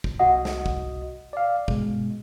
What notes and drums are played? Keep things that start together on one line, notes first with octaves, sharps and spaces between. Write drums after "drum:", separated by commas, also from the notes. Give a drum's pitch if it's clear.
drum: kick
C2 F#4 D#5 F#5
drum: snare
drum: kick
D5 F5
G2 B2 G#3, drum: kick